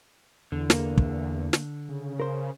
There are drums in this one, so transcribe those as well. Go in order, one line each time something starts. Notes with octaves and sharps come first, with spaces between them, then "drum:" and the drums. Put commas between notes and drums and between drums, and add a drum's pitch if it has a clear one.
E2 D3
A#3, drum: snare
drum: kick
drum: snare
C#3
A#4 C5